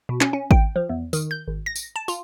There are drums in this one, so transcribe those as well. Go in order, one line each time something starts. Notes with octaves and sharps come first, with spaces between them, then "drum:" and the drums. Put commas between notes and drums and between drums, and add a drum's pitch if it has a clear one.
B2
C#4, drum: clap
C#4
G5, drum: kick G#1
F3
E2
D#3, drum: tambourine
G6
G#1
A#6
drum: tambourine
A5
F4, drum: tambourine